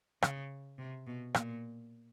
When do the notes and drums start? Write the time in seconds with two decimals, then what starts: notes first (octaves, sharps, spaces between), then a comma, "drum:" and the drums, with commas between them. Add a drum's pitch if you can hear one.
0.22 C#3, drum: rim click
0.78 C3
1.07 B2
1.34 A#2, drum: rim click